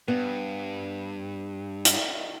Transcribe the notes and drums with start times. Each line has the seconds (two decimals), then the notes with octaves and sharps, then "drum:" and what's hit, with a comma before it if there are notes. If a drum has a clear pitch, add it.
0.08 G2 B3
1.85 drum: hi-hat